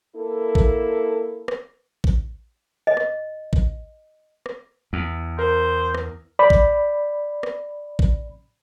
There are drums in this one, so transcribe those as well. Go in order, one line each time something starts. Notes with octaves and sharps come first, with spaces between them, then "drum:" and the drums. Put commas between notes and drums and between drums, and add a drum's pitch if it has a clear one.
A#3 E4 A4
drum: kick A1
drum: rim click
drum: kick A1
D#5
drum: rim click
drum: kick A1
drum: rim click
E2
A#4 C5
drum: rim click
D5 B5
drum: kick A1
drum: rim click
drum: kick A1